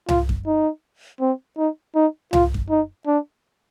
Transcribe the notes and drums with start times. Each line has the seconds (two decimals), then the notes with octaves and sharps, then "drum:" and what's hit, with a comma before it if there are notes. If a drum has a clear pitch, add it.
0.08 F4, drum: tom C2
0.29 drum: kick F#2
0.47 D#4
1.21 C4
1.57 D#4
1.95 D#4
2.33 F4, drum: tom C2
2.54 drum: kick F#2
2.70 D#4
3.07 D4